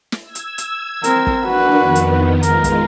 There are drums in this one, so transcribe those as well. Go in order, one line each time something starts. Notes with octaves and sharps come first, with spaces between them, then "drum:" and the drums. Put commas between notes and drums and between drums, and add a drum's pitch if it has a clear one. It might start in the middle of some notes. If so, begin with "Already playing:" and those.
drum: snare
E6 G#6
drum: hi-hat
drum: hi-hat
C4 A#4, drum: hi-hat
drum: kick
D4 F#4 A#4 B4
F2 D#3 B3
drum: hi-hat
G#3 F4 A#4, drum: hi-hat
drum: kick, hi-hat